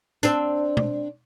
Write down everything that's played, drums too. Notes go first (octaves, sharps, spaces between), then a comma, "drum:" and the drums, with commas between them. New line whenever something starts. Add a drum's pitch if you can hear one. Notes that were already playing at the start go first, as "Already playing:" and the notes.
C4 D4, drum: tambourine
drum: tom B2